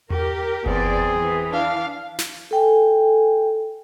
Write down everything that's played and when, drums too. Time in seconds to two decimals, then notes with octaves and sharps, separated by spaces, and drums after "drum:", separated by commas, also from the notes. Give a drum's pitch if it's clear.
0.10 G4 A#4, drum: tom E2
0.66 E2 B3 C4 G#4 D5, drum: kick F#1
1.14 E3
1.50 D4 F5
2.19 drum: snare
2.51 A4 G5 G#5